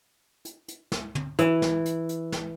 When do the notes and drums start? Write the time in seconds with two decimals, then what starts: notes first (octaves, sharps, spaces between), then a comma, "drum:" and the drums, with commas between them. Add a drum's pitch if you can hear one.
0.45 drum: hi-hat
0.68 drum: hi-hat
0.92 drum: snare
1.15 drum: tom
1.39 E3, drum: hi-hat
1.62 drum: snare
1.86 drum: hi-hat
2.09 drum: hi-hat
2.32 drum: snare